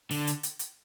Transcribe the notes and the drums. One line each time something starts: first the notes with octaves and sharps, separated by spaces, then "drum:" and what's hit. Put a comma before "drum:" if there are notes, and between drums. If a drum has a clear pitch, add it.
D3, drum: open hi-hat
drum: hi-hat
drum: hi-hat
drum: hi-hat